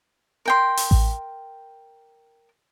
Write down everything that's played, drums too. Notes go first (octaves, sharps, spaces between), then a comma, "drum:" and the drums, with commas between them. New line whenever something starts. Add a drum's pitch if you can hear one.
A#4 G5 C6
drum: open hi-hat
drum: kick A1